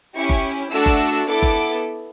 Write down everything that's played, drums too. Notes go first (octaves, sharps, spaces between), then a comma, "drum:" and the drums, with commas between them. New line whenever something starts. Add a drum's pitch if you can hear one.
C#4 E4 G4 C#6
drum: kick F#1
A3 D4 F#4 A4 E6
drum: kick F#1
B3 E4 A4 D6
drum: kick F#1